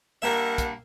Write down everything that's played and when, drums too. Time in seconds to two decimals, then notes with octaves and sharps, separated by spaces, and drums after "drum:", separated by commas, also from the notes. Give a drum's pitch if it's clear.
0.22 G2 A#3 A#4 E5 F#5
0.58 drum: kick, hi-hat